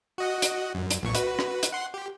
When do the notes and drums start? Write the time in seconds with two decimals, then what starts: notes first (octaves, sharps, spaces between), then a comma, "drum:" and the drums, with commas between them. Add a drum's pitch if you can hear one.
0.18 F#4 D#5 F#5
0.42 drum: hi-hat
0.74 F#2
0.91 drum: hi-hat
1.03 B1 A#2 C#6
1.15 F#4 B4, drum: hi-hat
1.39 drum: rim click
1.63 drum: hi-hat
1.72 F#5 C6
1.94 G4